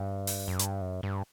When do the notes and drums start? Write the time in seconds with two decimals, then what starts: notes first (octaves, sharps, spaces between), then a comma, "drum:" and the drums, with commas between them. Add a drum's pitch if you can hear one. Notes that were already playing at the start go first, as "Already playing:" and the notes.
Already playing: G2
0.27 drum: open hi-hat
0.48 F#2
0.59 G2, drum: hi-hat
0.81 F#2
1.03 G2